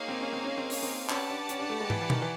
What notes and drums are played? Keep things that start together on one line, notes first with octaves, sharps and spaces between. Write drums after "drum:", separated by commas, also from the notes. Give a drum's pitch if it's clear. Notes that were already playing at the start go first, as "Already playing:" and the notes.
Already playing: A#3 D#4 G#4 C#5 F5
C4
C#4
C4
C#4
C4
C#4, drum: open hi-hat
C4
C#4 G4 B4 D5 F#5 A5, drum: clap
D4
C#4, drum: hi-hat
D4
A3
G#3
E3, drum: tom
E3
D#3, drum: tom B2
E3